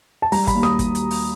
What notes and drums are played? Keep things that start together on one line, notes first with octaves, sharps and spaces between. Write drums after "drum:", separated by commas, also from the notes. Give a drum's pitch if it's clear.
A5
G3 A#5, drum: open hi-hat
B5, drum: kick, hi-hat
D#2
D#6, drum: snare
drum: kick, hi-hat
drum: hi-hat
drum: open hi-hat